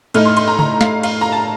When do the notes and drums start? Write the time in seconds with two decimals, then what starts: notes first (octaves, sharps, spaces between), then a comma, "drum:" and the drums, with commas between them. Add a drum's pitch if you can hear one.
0.14 A2 A3 D#4 F6, drum: cymbal
0.25 C6
0.37 C6, drum: cymbal
0.48 A#5
0.59 A#5, drum: tom C#3
0.81 F5, drum: snare
1.03 F5, drum: cymbal
1.21 A#5
1.32 A5